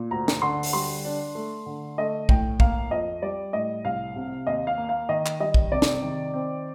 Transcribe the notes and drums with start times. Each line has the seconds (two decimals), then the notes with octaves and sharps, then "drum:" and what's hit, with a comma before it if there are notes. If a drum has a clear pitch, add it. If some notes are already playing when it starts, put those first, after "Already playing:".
Already playing: A#2
0.11 D2 A#5
0.28 drum: snare
0.42 D3 C6
0.63 drum: open hi-hat
0.73 G3 C6
1.05 D4
1.35 A3
1.66 D3
1.98 A3 D#5
2.29 A2 G5, drum: kick A#1
2.60 A#3 F5, drum: kick A#1
2.91 F2 D#5
3.22 G3 D5
3.53 A2 D#5
3.85 C2 F5
4.16 C3
4.47 D#2 D#5
4.67 F5
4.77 A#3
4.89 F5
5.09 D#3 D#5
5.26 drum: clap
5.40 G3 D#5
5.54 drum: kick A#1
5.72 C3 D5
5.82 drum: snare
6.02 D#3
6.34 C4